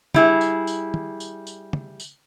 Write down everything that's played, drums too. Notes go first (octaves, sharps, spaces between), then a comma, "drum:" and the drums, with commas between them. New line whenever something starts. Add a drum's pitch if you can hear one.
G3 E4 G#4, drum: tom
drum: tambourine
drum: tambourine
drum: tom
drum: tambourine
drum: tambourine
drum: tom
drum: tambourine